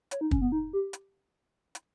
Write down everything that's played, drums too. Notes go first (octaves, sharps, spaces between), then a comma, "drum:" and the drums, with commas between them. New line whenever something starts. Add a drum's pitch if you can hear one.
C#5, drum: hi-hat
D#4
C#4, drum: kick
B3
D#4
G4
drum: hi-hat
drum: hi-hat